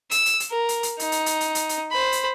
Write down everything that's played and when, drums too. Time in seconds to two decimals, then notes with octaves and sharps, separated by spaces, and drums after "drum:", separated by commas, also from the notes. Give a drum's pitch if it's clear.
0.11 E6, drum: hi-hat
0.26 drum: hi-hat
0.40 drum: hi-hat
0.51 A#4
0.69 drum: hi-hat
0.83 drum: hi-hat
1.00 D#4, drum: hi-hat
1.12 drum: hi-hat
1.26 drum: hi-hat
1.41 drum: hi-hat
1.55 drum: hi-hat
1.69 drum: hi-hat
1.92 C5 B5
2.12 drum: hi-hat